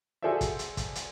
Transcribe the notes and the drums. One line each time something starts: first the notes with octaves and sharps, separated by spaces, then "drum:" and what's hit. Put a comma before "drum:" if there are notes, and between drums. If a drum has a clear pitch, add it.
F#4 G#4 A4 C5 D5 E5
drum: kick, hi-hat
drum: hi-hat
drum: kick, hi-hat
drum: hi-hat